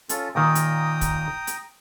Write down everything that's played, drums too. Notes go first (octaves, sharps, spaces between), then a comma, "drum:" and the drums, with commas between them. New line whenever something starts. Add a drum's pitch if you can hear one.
C#4 F4 A4, drum: hi-hat
A#2 D#3 G5 A#5 D#6
drum: hi-hat
drum: kick, hi-hat
drum: hi-hat